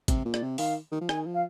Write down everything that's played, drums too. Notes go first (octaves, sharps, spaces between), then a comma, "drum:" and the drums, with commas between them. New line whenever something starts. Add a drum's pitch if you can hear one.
C3, drum: kick, hi-hat
A#2
D5, drum: rim click
C3
D#3 F5, drum: open hi-hat
D#3
F3
D#3 G#5, drum: rim click
F3
F5